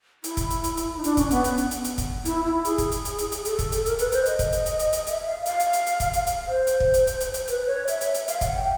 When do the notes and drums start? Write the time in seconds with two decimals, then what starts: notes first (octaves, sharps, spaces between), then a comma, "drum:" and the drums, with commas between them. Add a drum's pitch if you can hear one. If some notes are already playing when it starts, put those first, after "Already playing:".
0.24 E4, drum: hi-hat
0.37 drum: kick, hi-hat
0.50 drum: hi-hat
0.64 drum: hi-hat
0.77 drum: hi-hat
0.97 D#4
1.04 D4, drum: hi-hat
1.17 C#4, drum: kick, hi-hat
1.31 B3, drum: hi-hat
1.44 drum: hi-hat
1.58 drum: hi-hat
1.71 drum: hi-hat
1.84 drum: hi-hat
1.98 drum: kick, hi-hat
2.25 E4, drum: hi-hat
2.45 E4
2.65 G#4, drum: hi-hat
2.78 drum: kick, hi-hat
2.92 drum: hi-hat
3.05 drum: hi-hat
3.18 drum: hi-hat
3.32 drum: hi-hat
3.45 A4, drum: hi-hat
3.59 drum: kick, hi-hat
3.72 drum: hi-hat
3.86 A#4, drum: hi-hat
3.99 B4, drum: hi-hat
4.12 C5, drum: hi-hat
4.26 D#5, drum: hi-hat
4.39 drum: kick, hi-hat
4.53 drum: hi-hat
4.66 drum: hi-hat
4.79 drum: hi-hat
4.93 drum: hi-hat
5.07 E5, drum: hi-hat
5.26 F5
5.46 F5, drum: hi-hat
5.60 drum: hi-hat
5.73 drum: hi-hat
5.87 drum: hi-hat
6.00 drum: kick, hi-hat
6.13 drum: hi-hat
6.27 drum: hi-hat
6.47 C5
6.67 drum: hi-hat
6.80 drum: kick
6.94 drum: hi-hat
7.07 drum: hi-hat
7.21 drum: hi-hat
7.34 drum: hi-hat
7.48 B4, drum: hi-hat
7.67 C#5
7.88 E5, drum: hi-hat
8.01 drum: hi-hat
8.14 drum: hi-hat
8.28 F5, drum: hi-hat
8.41 F#5, drum: kick, hi-hat
8.55 G5